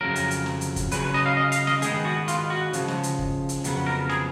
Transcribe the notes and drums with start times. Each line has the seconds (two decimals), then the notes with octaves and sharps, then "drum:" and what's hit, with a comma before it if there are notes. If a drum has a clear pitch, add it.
0.01 F2 C#3 F#3 A#4
0.16 drum: hi-hat
0.31 drum: hi-hat
0.46 drum: snare
0.61 drum: hi-hat
0.76 drum: kick, hi-hat
0.91 C#3 F#3 C#4 B4, drum: hi-hat
1.03 B4
1.14 D#5
1.26 F5
1.37 D#5
1.52 F5, drum: hi-hat
1.67 D#5, drum: snare
1.82 D#3 G#3 B3 G#4, drum: hi-hat
2.05 F#4
2.28 F4, drum: hi-hat
2.50 F#4
2.73 C#3 F3 G#3, drum: hi-hat
2.88 drum: snare
3.03 drum: hi-hat
3.19 drum: kick
3.49 drum: hi-hat
3.64 F2 C#3 F#3 B3, drum: hi-hat
3.86 A#4
4.09 G#4, drum: snare